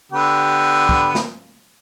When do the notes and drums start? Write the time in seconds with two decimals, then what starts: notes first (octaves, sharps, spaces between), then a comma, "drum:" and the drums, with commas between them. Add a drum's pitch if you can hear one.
0.12 D3 B3 G4
0.89 drum: kick
1.15 drum: snare